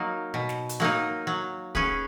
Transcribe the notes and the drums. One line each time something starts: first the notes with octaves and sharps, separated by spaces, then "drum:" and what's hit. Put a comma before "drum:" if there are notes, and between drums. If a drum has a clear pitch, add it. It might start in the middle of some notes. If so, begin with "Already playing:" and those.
Already playing: F#3 A#3 D#4
B2
drum: snare
drum: hi-hat
F#3 A#3 D#4
F#3
C#4 G#4 B4, drum: kick